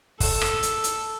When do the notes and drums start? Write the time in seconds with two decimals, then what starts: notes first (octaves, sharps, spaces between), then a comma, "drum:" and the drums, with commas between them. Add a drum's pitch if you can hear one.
0.20 A4, drum: kick, open hi-hat
0.41 drum: rim click
0.63 drum: hi-hat
0.84 drum: hi-hat